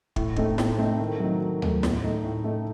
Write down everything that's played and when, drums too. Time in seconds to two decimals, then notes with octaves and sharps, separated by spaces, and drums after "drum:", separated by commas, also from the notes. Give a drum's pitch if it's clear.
0.16 A2, drum: kick
0.36 A3 C4 D#4, drum: kick
0.58 A2, drum: snare
0.78 A3 C4 D#4
0.99 D#3
1.20 F#3 A3 D#4
1.41 D#3
1.62 F#3 A3 D#4, drum: tom D2
1.83 A2, drum: snare
2.04 A3 D#4
2.24 A2
2.44 A3 D#4